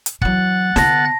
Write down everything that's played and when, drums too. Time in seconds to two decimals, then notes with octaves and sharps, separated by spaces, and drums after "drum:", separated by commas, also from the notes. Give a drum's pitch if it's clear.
0.06 drum: hi-hat
0.22 E3 F#3 F#5 F#6 A6, drum: kick
0.76 D3 B3 A5 A#6, drum: snare